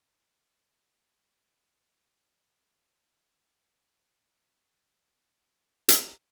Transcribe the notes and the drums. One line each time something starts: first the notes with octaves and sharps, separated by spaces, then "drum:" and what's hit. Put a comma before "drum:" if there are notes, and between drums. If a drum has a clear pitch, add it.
G4 D6
E4 G#4 D5 D#5 G5 B5
C#4 D#4
drum: hi-hat